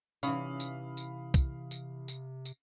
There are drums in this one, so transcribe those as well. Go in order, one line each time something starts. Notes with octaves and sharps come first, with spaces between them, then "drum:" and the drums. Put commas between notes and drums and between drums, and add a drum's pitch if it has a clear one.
C3 E3 C#4 D#4 C#5 F5 B5 D#6, drum: tambourine
drum: tambourine
drum: tambourine
drum: kick, tambourine
drum: tambourine
drum: tambourine
drum: tambourine